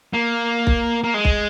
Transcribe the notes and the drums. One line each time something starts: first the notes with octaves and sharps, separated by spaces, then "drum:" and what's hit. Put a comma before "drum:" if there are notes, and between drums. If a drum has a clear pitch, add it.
A#3
drum: kick B1
A#3
G#3
drum: kick B1